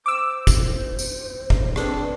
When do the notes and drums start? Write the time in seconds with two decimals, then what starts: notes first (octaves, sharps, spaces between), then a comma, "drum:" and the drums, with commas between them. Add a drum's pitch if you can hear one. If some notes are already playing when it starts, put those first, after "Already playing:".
0.06 C5 D6 E6
0.47 drum: kick, tambourine
0.99 drum: tambourine
1.50 drum: kick
1.76 C4 D4 G#4 A4 B4, drum: rim click